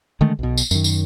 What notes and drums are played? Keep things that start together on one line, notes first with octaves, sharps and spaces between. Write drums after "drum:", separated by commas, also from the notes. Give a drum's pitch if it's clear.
D3 D#3 G#3 A3
B1 B2
drum: tambourine
F#2 D#3, drum: tambourine
drum: tambourine